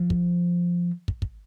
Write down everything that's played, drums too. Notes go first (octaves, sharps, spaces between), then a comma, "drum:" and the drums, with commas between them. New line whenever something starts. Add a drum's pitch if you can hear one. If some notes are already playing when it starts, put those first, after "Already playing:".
Already playing: F3
drum: kick
drum: kick
drum: kick